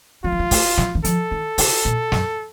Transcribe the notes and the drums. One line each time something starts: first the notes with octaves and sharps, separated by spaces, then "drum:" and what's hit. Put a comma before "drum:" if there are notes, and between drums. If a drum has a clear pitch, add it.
F#3 F4
F3
F#3
A3, drum: kick, open hi-hat
F#3, drum: snare
D#3
F3 A4, drum: hi-hat
D#3
C#3, drum: open hi-hat
A#2
F#2, drum: snare